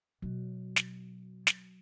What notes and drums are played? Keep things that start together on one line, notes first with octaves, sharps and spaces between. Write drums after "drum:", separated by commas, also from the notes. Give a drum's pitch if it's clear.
B2 F#3
drum: snare
drum: snare